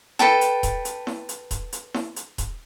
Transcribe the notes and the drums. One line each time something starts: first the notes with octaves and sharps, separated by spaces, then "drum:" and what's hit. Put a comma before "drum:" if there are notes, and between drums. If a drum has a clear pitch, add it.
A4 B4 G5 A5, drum: snare E4
drum: hi-hat
drum: kick D#1, hi-hat
drum: hi-hat
drum: snare E4
drum: hi-hat
drum: kick D#1, hi-hat
drum: hi-hat
drum: snare E4
drum: hi-hat
drum: kick D#1, hi-hat